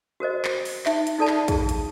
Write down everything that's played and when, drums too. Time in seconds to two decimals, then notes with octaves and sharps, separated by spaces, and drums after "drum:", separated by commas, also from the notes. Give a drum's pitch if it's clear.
0.20 F#4 A#4 C5 D#5
0.45 drum: clap
0.65 drum: open hi-hat
0.86 D#4 E5, drum: clap
1.07 drum: hi-hat
1.18 D#4 F4 A4 D5 A5 B5
1.27 drum: clap
1.48 G#4, drum: kick, hi-hat
1.69 drum: hi-hat